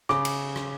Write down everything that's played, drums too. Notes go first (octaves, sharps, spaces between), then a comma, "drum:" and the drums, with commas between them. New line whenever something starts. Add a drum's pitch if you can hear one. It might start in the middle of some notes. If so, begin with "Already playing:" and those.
C#3 D6, drum: rim click
drum: cymbal
drum: rim click